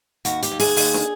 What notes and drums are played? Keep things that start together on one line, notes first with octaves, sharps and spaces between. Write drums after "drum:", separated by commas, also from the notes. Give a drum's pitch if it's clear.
D#2 F#4, drum: hi-hat
G4, drum: hi-hat
D#2
G#4, drum: open hi-hat
D#2, drum: open hi-hat
drum: snare